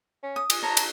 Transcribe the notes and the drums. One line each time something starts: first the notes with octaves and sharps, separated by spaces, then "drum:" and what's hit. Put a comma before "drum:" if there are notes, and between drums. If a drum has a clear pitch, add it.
C#4
D#6
G#5, drum: cymbal
C5 C#5 D#5 A5 A#5
drum: cymbal